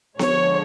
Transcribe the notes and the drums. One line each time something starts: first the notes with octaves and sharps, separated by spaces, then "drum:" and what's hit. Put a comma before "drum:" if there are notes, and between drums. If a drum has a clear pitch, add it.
D3 F3 G#3 C#5, drum: snare B3